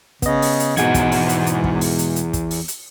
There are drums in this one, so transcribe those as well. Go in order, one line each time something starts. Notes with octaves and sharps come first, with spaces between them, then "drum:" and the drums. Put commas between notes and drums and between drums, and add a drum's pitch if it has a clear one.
C#3 B3 D#5, drum: kick, hi-hat
drum: open hi-hat
drum: hi-hat
E2 G#2 B2 G#3 F#5 G#5 G#6, drum: hi-hat
drum: kick, hi-hat
drum: open hi-hat
drum: hi-hat
drum: hi-hat
drum: kick
drum: open hi-hat
drum: hi-hat
drum: hi-hat
drum: kick, hi-hat
drum: open hi-hat
drum: hi-hat